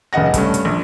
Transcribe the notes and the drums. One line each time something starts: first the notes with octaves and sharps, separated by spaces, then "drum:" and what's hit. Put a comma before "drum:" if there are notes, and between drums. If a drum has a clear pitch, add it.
F1 C#3 D#5 F#5 A#6
G2 A3 C#4, drum: kick, hi-hat
drum: hi-hat
A#1